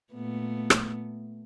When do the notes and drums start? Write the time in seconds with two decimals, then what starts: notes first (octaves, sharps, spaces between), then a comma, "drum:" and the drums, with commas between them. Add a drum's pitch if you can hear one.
0.13 A#2 A3 B3
0.70 drum: rim click